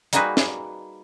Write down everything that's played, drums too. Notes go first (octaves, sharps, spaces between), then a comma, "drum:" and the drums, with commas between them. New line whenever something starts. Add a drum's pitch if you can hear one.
G3 A#3 D#4 F#4 G#4 B4, drum: hi-hat
drum: snare